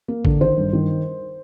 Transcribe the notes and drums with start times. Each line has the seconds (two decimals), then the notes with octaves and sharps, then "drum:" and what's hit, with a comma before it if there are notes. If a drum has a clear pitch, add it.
0.08 A#3
0.25 D3, drum: kick A1
0.41 D#3 C5
0.57 G2
0.73 D#3